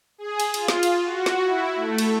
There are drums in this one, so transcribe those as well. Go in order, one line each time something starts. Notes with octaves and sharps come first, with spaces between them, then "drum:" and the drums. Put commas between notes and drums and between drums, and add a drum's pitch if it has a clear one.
G#4
drum: cymbal
F4, drum: cymbal
drum: snare
drum: cymbal
F#4
drum: snare
E4
A3
drum: cymbal